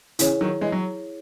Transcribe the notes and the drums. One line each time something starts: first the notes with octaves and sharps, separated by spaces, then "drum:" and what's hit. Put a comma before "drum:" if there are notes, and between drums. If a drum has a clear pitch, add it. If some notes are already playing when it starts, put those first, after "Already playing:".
C#3 E3 E4 G#4 C#5, drum: hi-hat
D#3 F#3
E3 G#3
F#3